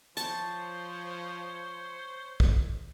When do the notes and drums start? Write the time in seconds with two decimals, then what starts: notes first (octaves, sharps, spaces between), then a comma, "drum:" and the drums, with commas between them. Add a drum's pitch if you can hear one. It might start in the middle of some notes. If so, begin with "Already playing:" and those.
0.17 F3 C5 C#5 A5, drum: hi-hat
2.40 drum: kick